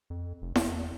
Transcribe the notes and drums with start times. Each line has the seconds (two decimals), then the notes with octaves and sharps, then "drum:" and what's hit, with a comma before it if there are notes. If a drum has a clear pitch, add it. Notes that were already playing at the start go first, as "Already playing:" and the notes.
0.10 F2
0.42 F1
0.56 E2, drum: snare E4